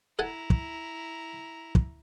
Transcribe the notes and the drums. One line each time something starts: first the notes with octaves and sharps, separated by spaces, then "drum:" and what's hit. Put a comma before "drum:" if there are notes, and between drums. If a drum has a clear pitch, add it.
E4 A4 F#5 G#5 A#5
drum: kick
drum: kick